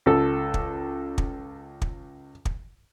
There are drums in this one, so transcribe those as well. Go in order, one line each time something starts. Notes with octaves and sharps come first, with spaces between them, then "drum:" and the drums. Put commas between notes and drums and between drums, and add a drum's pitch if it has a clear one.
C#2 A4
drum: kick
drum: kick
drum: kick
drum: kick